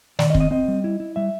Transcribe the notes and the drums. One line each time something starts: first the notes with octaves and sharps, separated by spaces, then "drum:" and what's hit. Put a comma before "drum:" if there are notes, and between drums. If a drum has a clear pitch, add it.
D#3 D5, drum: snare
D#5
C4, drum: kick
D#5
C4 D#5
G3
E4
E4
G3 E5